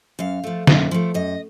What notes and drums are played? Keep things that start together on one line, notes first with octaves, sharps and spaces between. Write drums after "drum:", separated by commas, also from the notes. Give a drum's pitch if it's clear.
F#2 F5
F3 A3
F#2, drum: snare
F3 A3
F#2 D#5